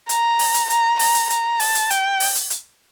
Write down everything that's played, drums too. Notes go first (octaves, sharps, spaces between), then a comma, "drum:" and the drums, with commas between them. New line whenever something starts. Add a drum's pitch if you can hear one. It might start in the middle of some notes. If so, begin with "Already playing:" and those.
A#5, drum: hi-hat
drum: open hi-hat
drum: hi-hat
A#5, drum: hi-hat
A#5, drum: open hi-hat
drum: hi-hat
A#5, drum: hi-hat
A5, drum: open hi-hat
drum: hi-hat
G5, drum: hi-hat
drum: open hi-hat
drum: hi-hat
drum: hi-hat